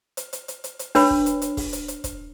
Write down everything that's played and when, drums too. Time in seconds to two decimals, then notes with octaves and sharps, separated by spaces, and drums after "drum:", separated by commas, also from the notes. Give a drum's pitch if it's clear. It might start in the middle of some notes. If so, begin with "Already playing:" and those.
0.17 drum: hi-hat
0.33 drum: hi-hat
0.48 drum: hi-hat
0.64 drum: hi-hat
0.79 drum: hi-hat
0.95 D4 B4 C#5 B5, drum: open hi-hat
1.10 drum: kick
1.26 drum: hi-hat
1.42 drum: hi-hat
1.57 drum: kick, open hi-hat
1.73 drum: hi-hat
1.88 drum: hi-hat
2.04 drum: kick, hi-hat